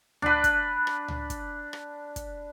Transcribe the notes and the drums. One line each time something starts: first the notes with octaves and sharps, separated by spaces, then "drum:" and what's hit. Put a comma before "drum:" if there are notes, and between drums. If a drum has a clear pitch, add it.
D4 B4, drum: tom C#2
drum: kick, hi-hat
drum: rim click
drum: tom C#2
drum: kick, hi-hat
drum: rim click
drum: kick, hi-hat